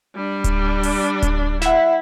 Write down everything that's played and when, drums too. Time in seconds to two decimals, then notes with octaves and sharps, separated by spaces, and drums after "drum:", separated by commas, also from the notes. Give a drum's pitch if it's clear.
0.15 G3 D4
0.44 drum: kick D1, hi-hat
0.83 drum: open hi-hat
1.22 drum: kick D1, hi-hat
1.62 E4 E5 F#5, drum: snare